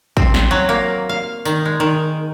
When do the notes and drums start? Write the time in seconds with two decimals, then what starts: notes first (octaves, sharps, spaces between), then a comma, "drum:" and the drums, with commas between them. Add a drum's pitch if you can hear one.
0.17 C4, drum: kick
0.34 drum: snare
0.51 F#3
0.69 A#3
1.09 F5
1.45 D#3, drum: tambourine
1.65 G#3
1.80 D#3